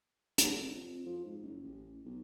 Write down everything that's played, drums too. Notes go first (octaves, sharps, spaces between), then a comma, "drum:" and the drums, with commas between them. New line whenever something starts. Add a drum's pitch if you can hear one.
D2, drum: hi-hat
F1
F2
F3
G#2
F#1
A1
B1